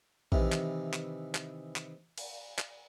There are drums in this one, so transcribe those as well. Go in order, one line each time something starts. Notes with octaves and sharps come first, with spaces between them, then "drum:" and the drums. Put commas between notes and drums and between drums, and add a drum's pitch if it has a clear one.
C3 D#3 E3, drum: kick A#1
drum: clap
drum: clap
drum: clap
drum: clap
drum: cymbal
drum: clap